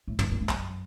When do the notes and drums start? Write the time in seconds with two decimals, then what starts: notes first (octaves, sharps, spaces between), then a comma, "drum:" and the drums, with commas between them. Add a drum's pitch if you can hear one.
0.07 A2
0.19 G#2, drum: tom
0.31 G#2
0.41 G2
0.49 F#2, drum: clap